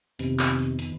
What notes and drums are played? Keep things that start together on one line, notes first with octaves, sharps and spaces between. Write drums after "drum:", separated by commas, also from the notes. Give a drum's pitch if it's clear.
F2 C3 D#3 B3, drum: hi-hat
drum: clap
drum: hi-hat
drum: hi-hat